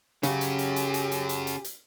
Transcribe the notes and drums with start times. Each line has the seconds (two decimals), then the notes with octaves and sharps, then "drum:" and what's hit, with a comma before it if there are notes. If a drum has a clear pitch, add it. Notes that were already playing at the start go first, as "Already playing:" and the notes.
0.23 C#3 C#4 F#4 G4 G#5, drum: hi-hat
0.41 drum: hi-hat
0.59 drum: hi-hat
0.76 drum: hi-hat
0.94 drum: hi-hat
1.12 drum: hi-hat
1.29 drum: hi-hat
1.47 drum: hi-hat
1.64 drum: hi-hat